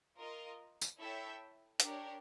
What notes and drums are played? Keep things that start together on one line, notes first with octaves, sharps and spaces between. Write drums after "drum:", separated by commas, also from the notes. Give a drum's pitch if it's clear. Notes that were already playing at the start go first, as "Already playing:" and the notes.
F4 A#4 D#5
drum: tambourine
E4 A4 C#5 E5 G5
D4 G4 A#4 C#5, drum: hi-hat